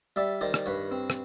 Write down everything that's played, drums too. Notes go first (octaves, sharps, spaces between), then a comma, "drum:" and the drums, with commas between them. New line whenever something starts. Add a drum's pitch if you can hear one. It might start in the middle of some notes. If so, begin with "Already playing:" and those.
G3 D5 E5
D#3 C5 D5
drum: rim click
G2 B4 C#5
C4
drum: rim click